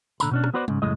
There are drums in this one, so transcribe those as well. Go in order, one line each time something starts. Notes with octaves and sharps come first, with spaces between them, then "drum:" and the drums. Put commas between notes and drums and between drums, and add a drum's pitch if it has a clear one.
A#2 D3 A#5 B5, drum: tambourine
B2 C#4 D4
drum: rim click
B3 F#4 B4 C5 D5
G#2 C#3, drum: tom G3
C#2 F#2 A2 G#3 D#5